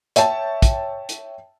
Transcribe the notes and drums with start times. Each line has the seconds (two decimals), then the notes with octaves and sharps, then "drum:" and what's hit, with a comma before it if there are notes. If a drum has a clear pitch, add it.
0.16 C#5 E5 G5 A5, drum: hi-hat
0.62 drum: kick, hi-hat
1.09 drum: hi-hat